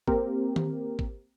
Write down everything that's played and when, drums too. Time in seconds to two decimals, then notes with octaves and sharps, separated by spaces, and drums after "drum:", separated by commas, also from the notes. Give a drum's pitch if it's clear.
0.07 A#3 C4 G4 A#4, drum: kick
0.56 drum: tom D#3
0.99 drum: kick